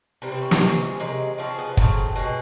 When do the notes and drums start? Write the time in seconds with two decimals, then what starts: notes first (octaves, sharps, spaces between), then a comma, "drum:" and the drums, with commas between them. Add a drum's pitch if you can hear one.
0.22 C3 E3 G3 A#3
0.32 C4
0.42 C#4
0.51 C4, drum: snare
0.61 C3 E3 G#3 C#4
1.00 C3 D#3 G#3
1.38 C#3 F3 G#3 C4
1.58 B3
1.77 C#3 F#3 A3 C4, drum: kick
2.16 B2 G#3